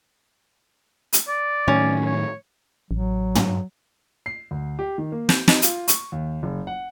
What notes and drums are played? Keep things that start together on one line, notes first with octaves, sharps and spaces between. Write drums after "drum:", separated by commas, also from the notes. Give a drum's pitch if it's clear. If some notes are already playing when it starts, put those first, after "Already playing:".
drum: hi-hat
D5
A2 D#3 F#3 C#4
C#5
A1 F#3
drum: tom
C7
D2
G4
D#3
A#3
G6, drum: snare
D#4, drum: snare
F4, drum: hi-hat
C#6, drum: hi-hat
D#2
F#1
F#5